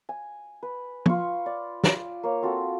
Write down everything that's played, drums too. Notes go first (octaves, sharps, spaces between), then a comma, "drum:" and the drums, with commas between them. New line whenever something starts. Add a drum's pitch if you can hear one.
G#5
B4
F4 C#6, drum: tom
D5
drum: snare
A#3 C#5
C4 F4 F#4 A4